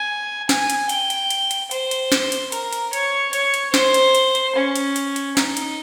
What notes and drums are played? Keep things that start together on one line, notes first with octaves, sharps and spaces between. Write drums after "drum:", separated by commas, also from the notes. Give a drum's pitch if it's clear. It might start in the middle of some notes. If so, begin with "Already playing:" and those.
Already playing: G#5
G#5, drum: snare
drum: hi-hat
G5, drum: hi-hat
drum: hi-hat
drum: hi-hat
drum: hi-hat
C5, drum: hi-hat
drum: hi-hat
drum: snare
drum: hi-hat
A#4, drum: hi-hat
drum: hi-hat
C#5, drum: hi-hat
C#5, drum: hi-hat
drum: hi-hat
C5, drum: snare
drum: hi-hat
drum: hi-hat
drum: hi-hat
C#4
drum: hi-hat
drum: hi-hat
drum: hi-hat
D#4, drum: snare
drum: hi-hat